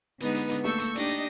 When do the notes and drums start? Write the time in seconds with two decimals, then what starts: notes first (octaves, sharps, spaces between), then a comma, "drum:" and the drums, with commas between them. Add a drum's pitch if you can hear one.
0.20 D3 G#3 B3 D#4 B4, drum: hi-hat
0.35 drum: hi-hat
0.50 drum: hi-hat
0.64 A3 A#3 A4 C#6 E6 G6, drum: snare
0.79 drum: hi-hat
0.95 D4 D#4 G4 D5 D#5, drum: hi-hat
1.09 drum: hi-hat